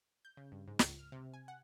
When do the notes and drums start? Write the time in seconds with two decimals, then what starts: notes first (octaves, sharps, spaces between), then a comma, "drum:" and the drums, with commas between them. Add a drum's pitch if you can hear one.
0.25 G6
0.37 C#3
0.52 G2
0.68 G#2
0.79 C#2, drum: snare
0.99 F6
1.12 C3
1.34 G#5
1.48 F#5